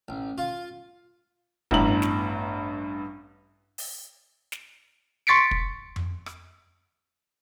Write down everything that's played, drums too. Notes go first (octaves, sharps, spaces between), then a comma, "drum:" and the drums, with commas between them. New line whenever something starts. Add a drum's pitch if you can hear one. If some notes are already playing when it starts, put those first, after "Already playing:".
A1
F4
A1 G2 B3 E4 A#5 F#7, drum: kick
drum: snare
drum: open hi-hat
drum: snare
C6 C#6 A6 B6 C#7 D7
drum: kick
drum: tom F2
drum: rim click